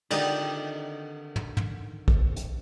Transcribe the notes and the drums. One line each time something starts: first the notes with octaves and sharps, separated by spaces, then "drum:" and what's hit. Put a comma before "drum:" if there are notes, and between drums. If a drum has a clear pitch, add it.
D3 D#3 D#4 G4, drum: cymbal
drum: tom
drum: tom
drum: kick
drum: hi-hat